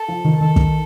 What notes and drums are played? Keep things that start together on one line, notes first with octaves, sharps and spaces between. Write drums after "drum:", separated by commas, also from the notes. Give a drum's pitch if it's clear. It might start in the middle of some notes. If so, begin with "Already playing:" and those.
Already playing: A4
F3
D#3
D#3 A4
drum: kick